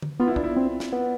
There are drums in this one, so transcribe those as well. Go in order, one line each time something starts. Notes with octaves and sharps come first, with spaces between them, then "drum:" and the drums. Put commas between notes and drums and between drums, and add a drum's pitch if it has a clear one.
drum: tom D3
B3 F4
E4
D4, drum: kick
E4
C4
drum: snare
B3